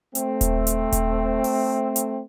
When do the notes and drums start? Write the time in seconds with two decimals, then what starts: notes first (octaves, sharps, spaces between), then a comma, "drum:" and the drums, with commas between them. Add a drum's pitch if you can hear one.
0.15 A3 C4, drum: hi-hat
0.41 drum: kick D#1, hi-hat
0.67 drum: hi-hat
0.92 drum: kick D#1, hi-hat
1.44 drum: open hi-hat
1.96 drum: hi-hat